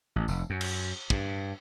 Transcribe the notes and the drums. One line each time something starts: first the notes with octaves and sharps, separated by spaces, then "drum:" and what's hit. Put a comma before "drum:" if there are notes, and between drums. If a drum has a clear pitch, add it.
A1
F1, drum: tambourine
F#2
drum: cymbal
G2, drum: kick